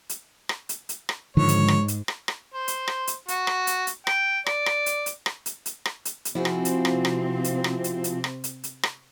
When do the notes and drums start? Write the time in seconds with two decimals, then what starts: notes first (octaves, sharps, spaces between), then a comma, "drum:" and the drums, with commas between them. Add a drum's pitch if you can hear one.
0.09 drum: hi-hat
0.49 drum: rim click
0.69 drum: hi-hat
0.89 drum: hi-hat
1.09 drum: rim click
1.37 G#2 D3 D#3 F3 C#5
1.48 drum: hi-hat
1.68 drum: rim click
1.88 drum: hi-hat
2.08 drum: rim click
2.28 drum: rim click
2.54 C5
2.68 drum: hi-hat
2.88 drum: rim click
3.07 drum: hi-hat
3.28 F#4, drum: hi-hat
3.47 drum: rim click
3.67 drum: hi-hat
3.87 drum: hi-hat
4.07 G5, drum: rim click
4.46 D5, drum: rim click
4.66 drum: rim click
4.86 drum: hi-hat
5.06 drum: hi-hat
5.26 drum: rim click
5.46 drum: hi-hat
5.66 drum: hi-hat
5.85 drum: rim click
6.05 drum: hi-hat
6.25 drum: hi-hat
6.35 C3 F3 C4 E4 F#4 G#4
6.45 drum: rim click
6.65 drum: hi-hat
6.85 drum: rim click
7.05 drum: rim click
7.44 drum: hi-hat
7.64 drum: rim click
7.84 drum: hi-hat
8.04 drum: hi-hat
8.24 drum: rim click
8.44 drum: hi-hat
8.64 drum: hi-hat
8.83 drum: rim click